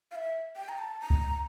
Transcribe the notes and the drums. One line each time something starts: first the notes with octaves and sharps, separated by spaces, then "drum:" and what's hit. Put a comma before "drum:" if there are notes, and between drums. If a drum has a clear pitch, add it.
F5
E5
G5
A#5
A5
A#5
drum: kick C#2